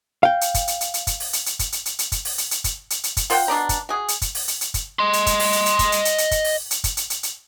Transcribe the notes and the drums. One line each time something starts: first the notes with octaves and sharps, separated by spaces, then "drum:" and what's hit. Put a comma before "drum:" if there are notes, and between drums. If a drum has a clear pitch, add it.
F5 G5
drum: hi-hat
drum: kick, hi-hat
drum: hi-hat
drum: hi-hat
drum: hi-hat
drum: kick, hi-hat
drum: open hi-hat
drum: hi-hat
drum: hi-hat
drum: kick, hi-hat
drum: hi-hat
drum: hi-hat
drum: hi-hat
drum: kick, hi-hat
drum: open hi-hat
drum: hi-hat
drum: hi-hat
drum: kick, hi-hat
drum: hi-hat
drum: hi-hat
drum: kick, hi-hat
F4 C5 F#5 G5, drum: open hi-hat
B2 D4 D5 A#5
drum: kick, hi-hat
F#4 G#4
drum: hi-hat
drum: kick, hi-hat
drum: open hi-hat
drum: hi-hat
drum: hi-hat
drum: kick, hi-hat
D#5 C6
drum: hi-hat
drum: kick, hi-hat
drum: open hi-hat
drum: hi-hat
drum: hi-hat
drum: kick, hi-hat
drum: hi-hat
drum: hi-hat
drum: hi-hat
drum: kick, hi-hat
drum: open hi-hat
drum: hi-hat
drum: kick, hi-hat
drum: hi-hat
drum: hi-hat
drum: hi-hat